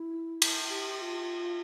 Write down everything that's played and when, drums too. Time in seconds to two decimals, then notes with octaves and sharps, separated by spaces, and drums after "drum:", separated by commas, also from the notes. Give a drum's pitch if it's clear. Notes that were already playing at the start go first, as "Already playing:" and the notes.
Already playing: E4
0.42 drum: cymbal
0.69 G4
1.02 F4